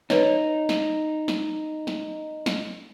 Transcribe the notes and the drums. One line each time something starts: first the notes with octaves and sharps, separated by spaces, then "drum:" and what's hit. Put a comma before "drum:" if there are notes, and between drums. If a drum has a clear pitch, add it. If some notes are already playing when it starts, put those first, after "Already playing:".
D#4 B4 C#5, drum: snare
drum: snare
drum: snare
drum: snare
drum: snare